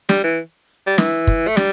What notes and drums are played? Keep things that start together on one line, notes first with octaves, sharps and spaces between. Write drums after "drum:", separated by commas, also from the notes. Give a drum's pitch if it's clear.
G3, drum: snare
E3
G3
E3, drum: snare
drum: kick
A3
G3, drum: snare